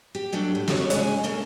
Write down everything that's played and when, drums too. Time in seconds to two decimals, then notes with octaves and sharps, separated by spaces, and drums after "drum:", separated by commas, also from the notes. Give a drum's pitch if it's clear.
0.15 G4
0.32 F#3 G3 A3 D4
0.55 A2
0.68 F2 G3 A3 F4 F#4 C#5, drum: snare
0.90 G#3 C#4 G#4, drum: hi-hat
1.23 A3 A#3 A#4 A5